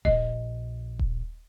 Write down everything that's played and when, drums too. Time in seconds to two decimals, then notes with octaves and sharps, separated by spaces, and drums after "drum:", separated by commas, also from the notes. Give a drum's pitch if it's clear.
0.05 A#1 D#5, drum: kick D#1
0.99 drum: kick D#1